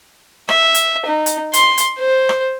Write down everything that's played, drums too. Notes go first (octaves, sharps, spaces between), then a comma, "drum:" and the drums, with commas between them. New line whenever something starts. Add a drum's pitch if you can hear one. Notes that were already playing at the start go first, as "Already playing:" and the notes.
E5, drum: rim click
drum: hi-hat
D#4
drum: hi-hat
C6, drum: hi-hat
drum: hi-hat
C5
drum: rim click